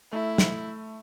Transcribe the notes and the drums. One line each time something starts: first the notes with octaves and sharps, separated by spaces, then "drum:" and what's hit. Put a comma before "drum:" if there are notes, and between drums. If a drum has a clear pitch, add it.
A3 E4
drum: snare